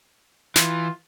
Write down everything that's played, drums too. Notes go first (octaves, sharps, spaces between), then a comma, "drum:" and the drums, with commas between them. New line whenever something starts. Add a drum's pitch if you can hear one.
E3 F4, drum: snare